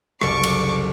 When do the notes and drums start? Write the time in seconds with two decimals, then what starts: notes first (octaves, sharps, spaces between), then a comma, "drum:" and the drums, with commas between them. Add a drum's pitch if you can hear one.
0.21 F#1 C2 A4 C#6 D6, drum: rim click
0.43 drum: cymbal